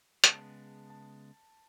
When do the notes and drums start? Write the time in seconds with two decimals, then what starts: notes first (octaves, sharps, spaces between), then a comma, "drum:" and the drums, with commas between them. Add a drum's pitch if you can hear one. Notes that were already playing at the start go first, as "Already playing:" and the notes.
0.24 C#3 G#3 B3 A5, drum: hi-hat
0.90 A5